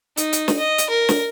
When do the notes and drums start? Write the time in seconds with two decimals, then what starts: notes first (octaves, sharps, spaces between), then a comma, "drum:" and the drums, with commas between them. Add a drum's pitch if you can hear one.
0.17 D#4, drum: hi-hat
0.33 drum: hi-hat
0.48 drum: snare
0.59 D#5
0.78 drum: hi-hat
0.90 A#4
1.09 drum: snare